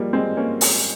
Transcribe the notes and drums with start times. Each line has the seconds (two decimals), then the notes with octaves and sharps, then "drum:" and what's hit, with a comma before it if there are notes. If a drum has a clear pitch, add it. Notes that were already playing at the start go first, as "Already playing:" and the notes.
Already playing: F3 G3 G#3 A#3
0.13 G#3 C4
0.37 A#3 C#4
0.61 drum: open hi-hat